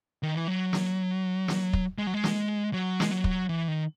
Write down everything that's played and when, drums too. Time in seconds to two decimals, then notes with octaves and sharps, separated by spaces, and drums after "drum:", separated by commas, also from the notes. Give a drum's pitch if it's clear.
0.23 D#3
0.35 E3
0.48 F#3
0.73 drum: snare
1.48 drum: snare
1.73 drum: kick
1.98 G#3
2.07 F#3
2.14 G#3
2.24 drum: snare
2.73 F#3
3.00 G#3, drum: snare
3.11 F#3
3.24 drum: kick
3.49 E3
3.68 D#3